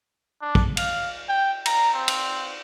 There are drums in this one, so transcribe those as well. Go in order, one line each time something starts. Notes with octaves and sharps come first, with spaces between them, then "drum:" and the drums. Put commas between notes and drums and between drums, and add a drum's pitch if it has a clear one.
D4
drum: kick
F5, drum: cymbal
G5
A#5, drum: cymbal
C4
drum: cymbal